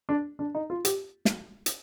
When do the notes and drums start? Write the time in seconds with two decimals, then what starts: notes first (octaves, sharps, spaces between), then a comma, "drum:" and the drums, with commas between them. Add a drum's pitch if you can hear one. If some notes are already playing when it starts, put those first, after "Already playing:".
0.09 D4
0.39 D4
0.55 D#4
0.70 F4
0.85 G4, drum: hi-hat
1.25 drum: snare
1.66 drum: hi-hat